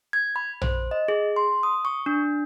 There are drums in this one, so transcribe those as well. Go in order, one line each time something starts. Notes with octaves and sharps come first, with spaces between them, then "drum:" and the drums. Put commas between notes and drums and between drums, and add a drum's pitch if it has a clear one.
G#6
B5
C5, drum: tom
D#5
G#4
C6
D#6
C#6
D4